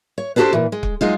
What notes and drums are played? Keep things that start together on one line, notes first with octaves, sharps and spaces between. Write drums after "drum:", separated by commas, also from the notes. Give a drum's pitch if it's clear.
C#5
B3 D4 F#4 G4 A4 C5
A#2 E3
G#3
drum: kick
F#3 G#3 D#4 F4